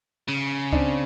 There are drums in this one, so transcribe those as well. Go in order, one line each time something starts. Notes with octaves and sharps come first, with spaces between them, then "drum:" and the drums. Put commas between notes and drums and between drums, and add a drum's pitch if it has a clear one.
C#3
C4 D4, drum: kick C#2